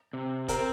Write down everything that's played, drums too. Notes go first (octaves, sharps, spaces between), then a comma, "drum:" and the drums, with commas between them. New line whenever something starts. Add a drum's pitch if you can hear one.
C3
C4 A#4, drum: kick, hi-hat